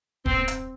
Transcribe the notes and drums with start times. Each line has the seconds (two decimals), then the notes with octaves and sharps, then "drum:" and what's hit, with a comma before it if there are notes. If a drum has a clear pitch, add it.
0.26 C4, drum: kick
0.48 drum: hi-hat